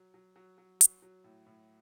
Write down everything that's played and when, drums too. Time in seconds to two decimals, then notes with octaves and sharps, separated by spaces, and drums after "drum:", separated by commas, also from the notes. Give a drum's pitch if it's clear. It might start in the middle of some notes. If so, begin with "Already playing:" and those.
Already playing: F#3
0.14 F#3
0.36 F#3
0.58 F#3
0.81 F#3, drum: hi-hat
1.02 F#3
1.24 A2
1.46 A2